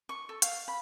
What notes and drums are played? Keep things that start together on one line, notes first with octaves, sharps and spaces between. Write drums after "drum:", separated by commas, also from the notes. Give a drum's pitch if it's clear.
C#6
A4
F5, drum: hi-hat
B5